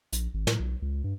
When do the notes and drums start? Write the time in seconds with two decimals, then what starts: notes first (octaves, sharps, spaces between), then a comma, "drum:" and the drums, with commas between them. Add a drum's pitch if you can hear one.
0.12 A#1, drum: hi-hat
0.34 G#1
0.47 A2, drum: snare
0.60 B1
0.82 C#2
1.04 G2